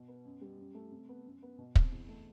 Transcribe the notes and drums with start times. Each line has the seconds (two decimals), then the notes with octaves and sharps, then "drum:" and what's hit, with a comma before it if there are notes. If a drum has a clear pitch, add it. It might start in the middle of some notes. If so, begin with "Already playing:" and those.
Already playing: B2
0.08 B3
0.25 F#2
0.41 G3
0.59 F#2
0.74 A3
0.91 C3
1.09 B3
1.26 F#2
1.42 B3
1.58 B2
1.75 C4, drum: kick
1.92 E2
2.08 A3